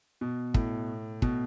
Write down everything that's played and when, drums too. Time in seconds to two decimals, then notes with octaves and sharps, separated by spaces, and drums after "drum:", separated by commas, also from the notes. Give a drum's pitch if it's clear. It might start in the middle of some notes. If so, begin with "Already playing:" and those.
0.21 B2
0.54 A2, drum: kick
1.22 B2, drum: kick